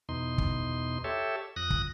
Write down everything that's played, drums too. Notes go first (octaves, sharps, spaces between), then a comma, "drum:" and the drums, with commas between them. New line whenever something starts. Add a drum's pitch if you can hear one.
E2 B2 D#4 C6
drum: kick
G4 A4 C#5 E5
F2 D#6 F#6 A#6
drum: kick